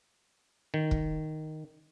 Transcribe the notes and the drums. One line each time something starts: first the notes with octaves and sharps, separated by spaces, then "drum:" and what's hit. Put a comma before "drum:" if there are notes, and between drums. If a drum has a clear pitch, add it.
D#3
drum: kick